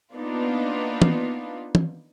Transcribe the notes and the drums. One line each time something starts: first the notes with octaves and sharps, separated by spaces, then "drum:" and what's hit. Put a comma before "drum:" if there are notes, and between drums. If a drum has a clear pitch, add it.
A#3 B3 D4 D#4 F4 B4
drum: tom
drum: tom